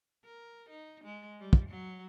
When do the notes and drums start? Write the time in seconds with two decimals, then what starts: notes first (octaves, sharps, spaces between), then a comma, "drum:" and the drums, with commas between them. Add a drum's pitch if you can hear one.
0.25 A#4
0.69 D#4
1.04 G#3
1.40 G3
1.53 drum: kick
1.68 F#3